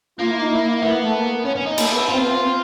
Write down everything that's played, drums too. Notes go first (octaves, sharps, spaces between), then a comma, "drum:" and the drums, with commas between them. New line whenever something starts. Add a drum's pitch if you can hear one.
A#3 F4
E4
D#4
E4
B3 E4
A3
A#3
C#4
C#4
D#4
A#3 E4, drum: cymbal
B3
C4 F4
B3
C4
C4